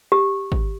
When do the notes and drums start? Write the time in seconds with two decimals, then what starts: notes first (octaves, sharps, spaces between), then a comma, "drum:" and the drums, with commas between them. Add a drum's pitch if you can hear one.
0.12 G4
0.52 drum: kick G#1